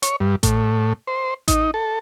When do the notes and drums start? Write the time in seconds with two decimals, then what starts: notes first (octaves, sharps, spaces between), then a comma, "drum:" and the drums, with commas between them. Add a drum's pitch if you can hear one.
0.02 C#5, drum: hi-hat
0.20 G2
0.43 A2, drum: kick A1, hi-hat
1.07 C5
1.48 D#4, drum: kick A1, hi-hat
1.74 A4